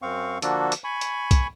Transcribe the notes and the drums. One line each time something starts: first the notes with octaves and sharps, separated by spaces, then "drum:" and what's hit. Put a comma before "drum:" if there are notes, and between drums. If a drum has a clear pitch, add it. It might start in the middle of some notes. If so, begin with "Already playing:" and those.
F#2 C4 F5 C#6
D3 F3 A#3 D4 F#4 A4, drum: hi-hat
drum: hi-hat
G#5 B5 C#6
drum: hi-hat
drum: kick, hi-hat